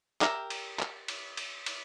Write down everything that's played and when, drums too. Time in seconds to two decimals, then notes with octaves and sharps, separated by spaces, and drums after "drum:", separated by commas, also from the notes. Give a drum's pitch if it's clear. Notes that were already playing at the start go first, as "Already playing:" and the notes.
0.21 G4 A#4 E5, drum: clap
0.50 drum: cymbal
0.79 drum: clap
1.08 drum: cymbal
1.37 drum: cymbal
1.66 drum: cymbal